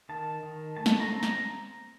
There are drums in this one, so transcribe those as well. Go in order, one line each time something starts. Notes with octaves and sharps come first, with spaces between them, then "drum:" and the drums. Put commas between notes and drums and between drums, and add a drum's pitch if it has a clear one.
D#3 A5
D#3
A3 A5
drum: snare
A#5
C4
A#5, drum: snare